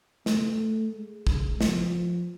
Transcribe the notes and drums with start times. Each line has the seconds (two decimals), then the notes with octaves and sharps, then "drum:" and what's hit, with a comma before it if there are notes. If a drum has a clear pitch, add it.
0.26 A3, drum: snare
0.94 G#3
1.27 drum: kick
1.61 F3, drum: snare